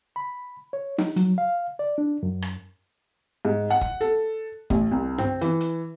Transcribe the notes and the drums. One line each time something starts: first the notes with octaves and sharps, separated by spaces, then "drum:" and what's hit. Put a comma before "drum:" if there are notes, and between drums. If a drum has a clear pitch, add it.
B5
C#5
D#4, drum: snare
F#3, drum: hi-hat
F5
D5
D4
F#2
drum: rim click
G#2
F#5
drum: kick
A4
A1, drum: kick
C2
C4, drum: tom G2
E3, drum: hi-hat
drum: hi-hat